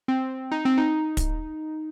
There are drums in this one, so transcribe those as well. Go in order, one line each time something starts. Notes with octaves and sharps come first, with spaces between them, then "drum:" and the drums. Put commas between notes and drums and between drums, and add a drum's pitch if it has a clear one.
C4
D#4
C4
D#4
drum: kick, hi-hat